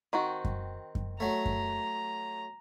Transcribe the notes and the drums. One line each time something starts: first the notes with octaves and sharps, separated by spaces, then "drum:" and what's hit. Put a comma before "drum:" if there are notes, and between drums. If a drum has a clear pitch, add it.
D#3 C4 F#4
drum: kick F#2
drum: kick F#2
F#3 A3 A#5
drum: kick F#2